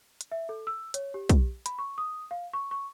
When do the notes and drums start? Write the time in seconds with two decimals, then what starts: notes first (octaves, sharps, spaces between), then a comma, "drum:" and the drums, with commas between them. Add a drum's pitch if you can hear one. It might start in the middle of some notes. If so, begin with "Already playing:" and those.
0.21 drum: hi-hat
0.31 E5
0.49 A4
0.67 E6
0.94 C#5, drum: hi-hat
1.14 G4
1.29 drum: kick, hi-hat
1.66 B5, drum: hi-hat
1.79 C#6
1.98 D#6
2.31 F5
2.53 C#6
2.71 C#6